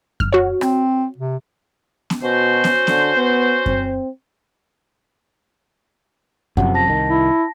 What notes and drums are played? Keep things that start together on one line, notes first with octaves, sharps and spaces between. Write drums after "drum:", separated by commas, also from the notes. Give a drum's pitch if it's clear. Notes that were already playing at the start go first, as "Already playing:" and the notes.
F6, drum: kick F#2
F#4 C#5
C4, drum: rim click
C3
drum: snare
B2 C#4 F#4 C5
drum: snare
D3, drum: snare
B3
C4, drum: kick F#2
F#2 C3 F3 F#5, drum: kick F#2
A5 A#6
C2 D#3
E4